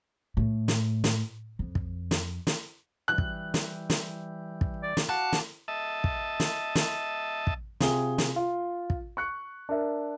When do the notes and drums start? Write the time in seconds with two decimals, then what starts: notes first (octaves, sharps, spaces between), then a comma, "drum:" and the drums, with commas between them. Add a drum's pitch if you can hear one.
0.37 A2
0.68 drum: snare
1.04 drum: snare
1.59 F2
1.75 drum: kick
2.11 drum: snare
2.47 drum: snare
3.08 E3 G3 F#6
3.18 drum: kick
3.54 drum: snare
3.90 drum: snare
4.61 drum: kick
4.83 D5
4.97 drum: snare
5.09 F#4 F5 F#5 A5 D6
5.32 drum: snare
5.68 D#5 E5 A5
6.04 drum: kick
6.40 drum: snare
6.75 drum: snare
7.47 drum: kick
7.80 C3 F4 G#4 G7, drum: snare
8.18 drum: snare
8.36 F4
8.90 drum: kick
9.17 C#6 F#6 C#7
9.69 D4 A#4 E5